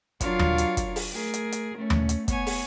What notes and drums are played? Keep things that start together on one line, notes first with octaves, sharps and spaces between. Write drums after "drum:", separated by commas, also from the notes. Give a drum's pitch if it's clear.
F#3 D4 F4 A#4 C#5 F5, drum: kick, hi-hat
drum: tom D#2
drum: hi-hat
drum: kick, hi-hat
drum: open hi-hat
A3 G#4 A#4
drum: hi-hat
drum: hi-hat
A3 C#4
drum: tom D#2
drum: hi-hat
B3 C#5 G#5, drum: kick, hi-hat
drum: open hi-hat